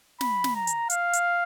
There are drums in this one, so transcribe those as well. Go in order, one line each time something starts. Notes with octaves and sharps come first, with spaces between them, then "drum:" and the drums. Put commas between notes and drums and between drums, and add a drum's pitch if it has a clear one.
B5, drum: snare
drum: snare
A#5
drum: hi-hat
F5, drum: hi-hat
drum: hi-hat